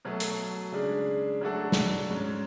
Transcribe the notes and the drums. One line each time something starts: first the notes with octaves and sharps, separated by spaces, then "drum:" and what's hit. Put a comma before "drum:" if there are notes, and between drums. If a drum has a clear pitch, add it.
B2 F#3 A3
drum: hi-hat
C#3 G#3 D4 G#4
F#3 A3 D4 F#4 A4
drum: snare
G#2 G#3 C#4